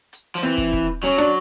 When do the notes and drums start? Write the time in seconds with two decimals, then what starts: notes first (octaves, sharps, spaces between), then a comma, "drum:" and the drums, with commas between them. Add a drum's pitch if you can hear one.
0.13 drum: hi-hat
0.35 F3
0.43 E3 C4, drum: hi-hat
0.58 drum: kick
0.73 drum: kick
1.03 F#3 C#4, drum: hi-hat
1.18 D4, drum: rim click